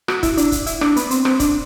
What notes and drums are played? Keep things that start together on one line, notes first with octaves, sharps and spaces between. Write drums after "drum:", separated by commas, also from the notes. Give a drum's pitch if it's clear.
F#4, drum: rim click
E4, drum: kick, hi-hat
D4, drum: hi-hat
drum: kick, hi-hat
E4, drum: hi-hat
D4, drum: rim click
B3, drum: hi-hat
C4, drum: hi-hat
C4, drum: rim click
D4, drum: kick, hi-hat